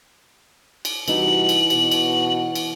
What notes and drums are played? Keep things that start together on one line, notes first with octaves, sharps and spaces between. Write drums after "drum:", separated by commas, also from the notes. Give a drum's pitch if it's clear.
drum: cymbal
C3 E3 G3 D#4 F#4 F#7, drum: cymbal
drum: cymbal
B2 F#4, drum: cymbal
drum: cymbal
drum: cymbal